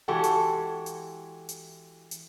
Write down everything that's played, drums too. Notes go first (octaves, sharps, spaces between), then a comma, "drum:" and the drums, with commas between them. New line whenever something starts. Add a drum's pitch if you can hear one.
E3 G#3 F#4 G4 A4
drum: hi-hat
drum: hi-hat
drum: hi-hat
drum: hi-hat